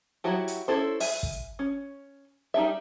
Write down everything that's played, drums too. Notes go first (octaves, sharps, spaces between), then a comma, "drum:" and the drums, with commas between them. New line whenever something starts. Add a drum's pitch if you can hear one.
F#3 E4 F#4 G4
drum: hi-hat
C#4 E4 A4 C5
E5 G#5, drum: open hi-hat
drum: kick
C#4
G3 D#4 G4 E5